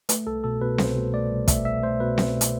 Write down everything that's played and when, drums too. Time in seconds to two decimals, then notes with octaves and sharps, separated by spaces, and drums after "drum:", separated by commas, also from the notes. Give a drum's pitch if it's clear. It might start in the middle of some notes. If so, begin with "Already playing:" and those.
0.09 A3 B4, drum: hi-hat
0.27 C2 A4
0.44 B2 A4
0.61 B2 B4
0.78 C2 C5, drum: snare C4
0.96 B2
1.13 A3 D5
1.30 C2
1.48 A3 E5, drum: kick, hi-hat
1.65 C2 E5
1.83 A3 C5
2.00 B2 B4
2.18 drum: snare C4
2.41 drum: hi-hat